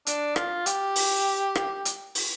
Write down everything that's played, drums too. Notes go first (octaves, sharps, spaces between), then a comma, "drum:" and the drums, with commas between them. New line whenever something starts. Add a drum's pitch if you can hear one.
D4, drum: hi-hat
F4, drum: rim click
G4, drum: hi-hat
drum: open hi-hat
drum: rim click
drum: hi-hat
drum: open hi-hat